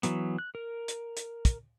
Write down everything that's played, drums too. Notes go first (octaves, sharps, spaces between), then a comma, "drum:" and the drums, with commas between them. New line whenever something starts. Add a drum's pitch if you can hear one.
E3 F#3 B3, drum: hi-hat
F#6
A#4
drum: hi-hat
drum: hi-hat
drum: kick, hi-hat